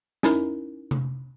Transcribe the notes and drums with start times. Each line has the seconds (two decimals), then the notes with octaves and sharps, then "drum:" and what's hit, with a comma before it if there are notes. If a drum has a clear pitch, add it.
0.23 C#4 D#4 E4 A#4, drum: snare
0.91 drum: tom C3